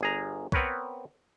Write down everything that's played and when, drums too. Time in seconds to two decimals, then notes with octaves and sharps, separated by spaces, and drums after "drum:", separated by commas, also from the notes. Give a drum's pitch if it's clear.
0.01 G1 G#4 A#5
0.52 B3 C4 A#4 B4 C#5, drum: kick